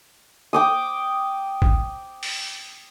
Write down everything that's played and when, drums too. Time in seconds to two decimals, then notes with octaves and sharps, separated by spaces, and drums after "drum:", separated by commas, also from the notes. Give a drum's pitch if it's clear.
0.53 G5 D6 D#6
1.62 drum: kick
2.23 drum: open hi-hat